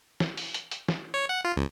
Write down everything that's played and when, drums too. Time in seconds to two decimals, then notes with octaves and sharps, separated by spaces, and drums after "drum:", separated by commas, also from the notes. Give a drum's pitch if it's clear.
0.20 drum: snare
0.37 drum: open hi-hat
0.54 drum: hi-hat
0.71 drum: hi-hat
0.88 drum: snare
1.14 C#5
1.29 F#5
1.45 F4
1.57 C#2